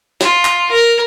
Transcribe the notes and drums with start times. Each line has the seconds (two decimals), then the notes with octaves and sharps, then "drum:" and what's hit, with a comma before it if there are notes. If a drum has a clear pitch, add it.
0.21 F4, drum: snare
0.45 drum: clap
0.71 A#4